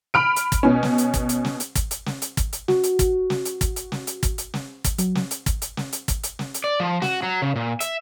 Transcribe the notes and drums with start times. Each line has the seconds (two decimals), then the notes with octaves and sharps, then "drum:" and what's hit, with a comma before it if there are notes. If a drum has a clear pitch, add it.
0.14 B5 F6 D7
0.36 drum: hi-hat
0.52 drum: kick, hi-hat
0.63 B2 C#4
0.83 drum: snare
0.98 drum: hi-hat
1.14 drum: kick, hi-hat
1.29 drum: hi-hat
1.45 drum: snare
1.60 drum: hi-hat
1.75 drum: kick, hi-hat
1.91 drum: hi-hat
2.06 drum: snare
2.22 drum: hi-hat
2.37 drum: kick, hi-hat
2.53 drum: hi-hat
2.68 F#4, drum: snare
2.84 drum: hi-hat
2.99 drum: kick, hi-hat
3.30 drum: snare
3.45 drum: hi-hat
3.61 drum: kick, hi-hat
3.76 drum: hi-hat
3.92 drum: snare
4.07 drum: hi-hat
4.23 drum: kick, hi-hat
4.38 drum: hi-hat
4.54 drum: snare
4.84 drum: kick, hi-hat
4.98 F#3, drum: hi-hat
5.15 drum: snare
5.31 drum: hi-hat
5.46 drum: kick, hi-hat
5.62 drum: hi-hat
5.77 drum: snare
5.93 drum: hi-hat
6.08 drum: kick, hi-hat
6.24 drum: hi-hat
6.39 drum: snare
6.54 drum: hi-hat
6.64 D5
6.80 F3
7.02 F#4, drum: snare
7.23 F#3
7.42 C#3
7.56 A#2
7.81 E5, drum: hi-hat